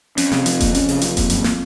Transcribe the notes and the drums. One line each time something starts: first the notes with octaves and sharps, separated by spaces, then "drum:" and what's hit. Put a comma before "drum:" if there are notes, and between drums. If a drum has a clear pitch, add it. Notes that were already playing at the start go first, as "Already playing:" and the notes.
F2 C#4, drum: hi-hat
C3, drum: snare
F3, drum: hi-hat
A#3, drum: kick E1, hi-hat
C#4, drum: hi-hat
C3, drum: open hi-hat
F3, drum: hi-hat
A#3, drum: kick E1, hi-hat
F#2, drum: hi-hat
drum: snare